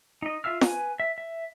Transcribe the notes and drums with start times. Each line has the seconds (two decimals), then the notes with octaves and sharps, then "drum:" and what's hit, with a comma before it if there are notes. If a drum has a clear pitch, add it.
0.22 D#4 D#5
0.44 F4 E5 F5 E6 F6
0.61 B4 G#5, drum: snare
1.00 E5
1.18 E5